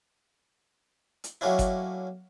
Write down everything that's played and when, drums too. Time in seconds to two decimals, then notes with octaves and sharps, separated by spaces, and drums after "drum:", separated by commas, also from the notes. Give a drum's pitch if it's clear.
1.24 drum: hi-hat
1.41 F#3 A3 A#3 C#4 D4 E4
1.59 drum: kick G1, hi-hat